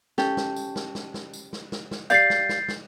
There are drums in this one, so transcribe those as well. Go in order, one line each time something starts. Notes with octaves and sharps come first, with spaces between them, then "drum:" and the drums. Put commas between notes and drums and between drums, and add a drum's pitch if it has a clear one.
C#4 G4 A4, drum: snare
drum: snare
drum: tambourine
drum: snare
drum: snare
drum: snare
drum: tambourine
drum: snare
drum: snare
drum: snare
G4 D5 F5 G6 A6 C7, drum: tambourine
drum: snare
drum: snare
drum: snare